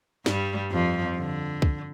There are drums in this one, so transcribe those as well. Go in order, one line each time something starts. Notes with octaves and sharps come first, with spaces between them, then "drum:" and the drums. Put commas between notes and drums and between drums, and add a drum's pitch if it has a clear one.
G2 G3, drum: snare
F2 F3
D3
drum: kick C2